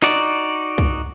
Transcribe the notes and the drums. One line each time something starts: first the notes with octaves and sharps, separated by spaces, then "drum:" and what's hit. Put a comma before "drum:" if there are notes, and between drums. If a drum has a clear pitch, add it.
D#4 F#4 D5, drum: snare
drum: kick C2